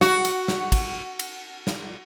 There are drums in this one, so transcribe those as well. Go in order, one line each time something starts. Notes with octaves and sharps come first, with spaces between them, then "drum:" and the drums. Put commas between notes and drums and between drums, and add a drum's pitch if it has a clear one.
F#4, drum: snare
drum: cymbal
drum: snare
drum: kick, cymbal
drum: cymbal
drum: snare